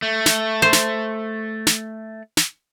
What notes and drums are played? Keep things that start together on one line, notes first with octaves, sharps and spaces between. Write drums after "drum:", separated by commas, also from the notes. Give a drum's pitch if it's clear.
A3
drum: snare
C5
drum: snare
drum: snare
drum: snare